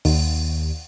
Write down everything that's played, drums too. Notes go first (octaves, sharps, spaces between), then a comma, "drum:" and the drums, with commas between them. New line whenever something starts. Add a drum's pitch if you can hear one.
D#2, drum: open hi-hat